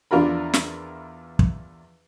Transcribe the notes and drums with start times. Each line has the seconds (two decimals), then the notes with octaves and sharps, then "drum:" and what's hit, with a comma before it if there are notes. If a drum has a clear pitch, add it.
0.11 E2 D4 F4 A#4 B5
0.54 drum: snare
1.39 drum: kick